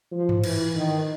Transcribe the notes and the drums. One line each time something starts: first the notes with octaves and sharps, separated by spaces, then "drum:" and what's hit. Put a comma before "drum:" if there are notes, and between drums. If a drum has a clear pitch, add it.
F3
drum: tom G2
E3, drum: cymbal
D#3